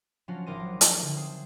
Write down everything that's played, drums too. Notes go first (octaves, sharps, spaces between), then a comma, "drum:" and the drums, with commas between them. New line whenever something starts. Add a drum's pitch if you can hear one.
F3 F#3 C#4 D4 F4 F#4
G#1 A#4 C6 D6 A#6 D#7
F#3
A3, drum: hi-hat
D3
C4 G#4